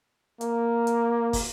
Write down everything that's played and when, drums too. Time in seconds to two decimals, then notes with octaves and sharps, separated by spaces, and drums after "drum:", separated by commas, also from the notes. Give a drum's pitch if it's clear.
0.41 A#3, drum: hi-hat
0.87 drum: hi-hat
1.33 drum: kick, open hi-hat